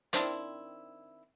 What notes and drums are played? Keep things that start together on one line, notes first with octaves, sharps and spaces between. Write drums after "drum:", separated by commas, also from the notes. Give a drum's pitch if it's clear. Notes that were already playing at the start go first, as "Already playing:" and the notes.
D#3 C4 D4 E4, drum: hi-hat